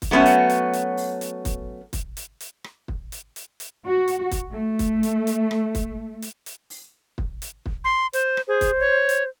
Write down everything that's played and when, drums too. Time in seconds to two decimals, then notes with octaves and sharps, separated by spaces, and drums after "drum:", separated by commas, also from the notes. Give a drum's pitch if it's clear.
0.02 drum: kick, hi-hat
0.11 F#3 A3 B3 C#4 F#4
0.26 drum: hi-hat
0.50 drum: hi-hat
0.73 drum: hi-hat
0.97 drum: open hi-hat
1.21 drum: hi-hat
1.45 drum: kick, hi-hat
1.93 drum: kick, hi-hat
2.17 drum: hi-hat
2.41 drum: hi-hat
2.64 drum: rim click
2.88 drum: kick
3.12 drum: hi-hat
3.36 drum: hi-hat
3.60 drum: hi-hat
3.87 F#4
4.08 drum: hi-hat
4.31 drum: kick, hi-hat
4.50 A3
4.79 drum: kick, hi-hat
5.03 drum: hi-hat
5.27 drum: hi-hat
5.51 drum: rim click
5.75 drum: kick, hi-hat
6.22 drum: hi-hat
6.46 drum: hi-hat
6.70 drum: open hi-hat
7.18 drum: kick
7.42 drum: hi-hat
7.66 drum: kick
7.84 C6
8.13 C5, drum: hi-hat
8.37 drum: rim click
8.48 G#4 C5
8.61 drum: kick, hi-hat
8.80 C#5
9.09 drum: hi-hat